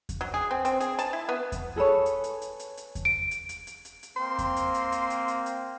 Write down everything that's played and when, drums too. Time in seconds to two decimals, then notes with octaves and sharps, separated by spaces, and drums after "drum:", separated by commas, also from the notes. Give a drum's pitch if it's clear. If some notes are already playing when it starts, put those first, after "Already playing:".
0.09 drum: kick E2, hi-hat
0.21 F#3
0.34 G#4
0.51 C4
0.65 C4, drum: hi-hat
0.80 G#4, drum: hi-hat
0.99 A5, drum: hi-hat
1.13 E4
1.29 B3
1.52 drum: kick E2, hi-hat
1.76 G#4 A4 B4 C#5
2.06 drum: hi-hat
2.24 drum: hi-hat
2.42 drum: hi-hat
2.60 drum: hi-hat
2.77 drum: hi-hat
2.95 drum: kick E2, hi-hat
3.05 D7
3.31 drum: hi-hat
3.49 drum: hi-hat
3.67 drum: hi-hat
3.85 drum: hi-hat
4.03 drum: hi-hat
4.16 A#3 C4 C6
4.39 drum: kick E2, hi-hat
4.56 drum: hi-hat
4.74 drum: hi-hat
4.92 drum: hi-hat
5.10 drum: hi-hat
5.28 drum: hi-hat
5.46 drum: hi-hat